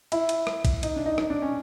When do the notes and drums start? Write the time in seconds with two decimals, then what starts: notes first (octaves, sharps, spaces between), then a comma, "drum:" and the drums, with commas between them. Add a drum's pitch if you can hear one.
0.12 E4, drum: cymbal
0.29 drum: cymbal
0.47 drum: rim click
0.65 drum: kick, cymbal
0.83 D#4, drum: cymbal
0.96 D4
1.06 D#4
1.18 D#4, drum: rim click
1.30 D4
1.42 C#4